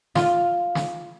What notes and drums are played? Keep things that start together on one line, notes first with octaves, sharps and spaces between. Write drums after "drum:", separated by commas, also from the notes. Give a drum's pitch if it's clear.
F4, drum: snare
drum: snare